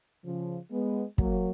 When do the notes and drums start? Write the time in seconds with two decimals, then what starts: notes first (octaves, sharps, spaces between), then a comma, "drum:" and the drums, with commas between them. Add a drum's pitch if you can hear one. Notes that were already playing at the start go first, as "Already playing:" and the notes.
0.24 C#3 F3
0.71 G#3 B3
1.18 F#3 A#3, drum: kick